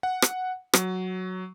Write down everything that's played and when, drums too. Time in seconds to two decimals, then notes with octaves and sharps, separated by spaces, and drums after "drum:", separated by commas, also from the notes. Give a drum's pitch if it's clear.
0.03 F#5
0.22 drum: rim click
0.73 F#3, drum: rim click